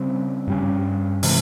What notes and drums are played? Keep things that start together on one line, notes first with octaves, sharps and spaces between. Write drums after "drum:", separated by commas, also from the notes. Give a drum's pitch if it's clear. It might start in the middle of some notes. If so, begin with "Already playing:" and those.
Already playing: C#3 G3 C4
G2 G3 C#4
C3 E3 G#3, drum: open hi-hat